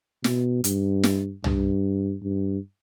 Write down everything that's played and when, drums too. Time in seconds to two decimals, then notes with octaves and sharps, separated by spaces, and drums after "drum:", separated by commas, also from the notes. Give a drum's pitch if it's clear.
0.24 B2, drum: snare
0.64 G2, drum: hi-hat
1.03 drum: snare
1.44 G2, drum: tom
2.23 G2